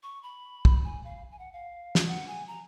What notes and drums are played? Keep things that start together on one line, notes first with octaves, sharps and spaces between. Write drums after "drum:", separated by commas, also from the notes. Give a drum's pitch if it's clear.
C#6
B5
drum: kick
G#5
F5
G#5
F#5
F5
drum: snare
F#5
G#5
A#5